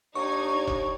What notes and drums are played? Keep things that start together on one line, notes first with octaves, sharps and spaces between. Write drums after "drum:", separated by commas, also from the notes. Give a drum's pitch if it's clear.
D#2 D4 D#4 D5 C#6 G#6
drum: kick F1